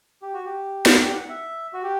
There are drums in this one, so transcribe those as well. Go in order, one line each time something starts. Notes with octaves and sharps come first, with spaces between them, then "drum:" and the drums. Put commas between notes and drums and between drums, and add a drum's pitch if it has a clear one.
G4
F#4
G4
drum: snare
G4
F#5
E5
F#4
G4